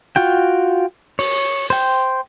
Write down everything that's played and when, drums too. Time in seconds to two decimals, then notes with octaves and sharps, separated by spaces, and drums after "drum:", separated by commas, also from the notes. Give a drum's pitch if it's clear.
0.16 F4 F#4 G5
1.19 C#5, drum: open hi-hat
1.70 C5 G5, drum: hi-hat